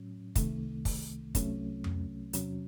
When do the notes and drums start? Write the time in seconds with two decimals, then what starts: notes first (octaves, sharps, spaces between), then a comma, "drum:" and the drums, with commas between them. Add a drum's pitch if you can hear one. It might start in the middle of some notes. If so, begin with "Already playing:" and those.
Already playing: A2 F#3 C#4
0.35 C2 C3 D#3 A3, drum: kick, hi-hat
0.85 drum: kick, open hi-hat
1.35 C2 C3 F#3 A3 C#4, drum: kick, hi-hat
1.84 drum: tom F2
2.33 E2 C3 F#3 C#4, drum: hi-hat